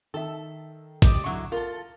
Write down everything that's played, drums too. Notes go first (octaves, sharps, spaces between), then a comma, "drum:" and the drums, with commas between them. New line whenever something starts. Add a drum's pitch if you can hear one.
D#3 A4 E5
G4 D5 D#5, drum: kick A1, hi-hat
D3 F#3 E4
F4 A4 A#4